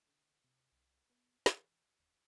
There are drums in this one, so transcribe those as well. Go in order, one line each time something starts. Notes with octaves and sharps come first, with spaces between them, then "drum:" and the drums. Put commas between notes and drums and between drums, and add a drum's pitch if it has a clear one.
D3
C3
C2
B3
E3, drum: snare
E1